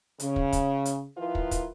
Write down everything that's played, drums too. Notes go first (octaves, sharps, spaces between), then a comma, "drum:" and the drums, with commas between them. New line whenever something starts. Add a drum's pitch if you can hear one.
C#3, drum: hi-hat
drum: kick
drum: kick, hi-hat
drum: hi-hat
D#3 F3 E4 F4 A#4 B4
drum: kick
drum: kick, hi-hat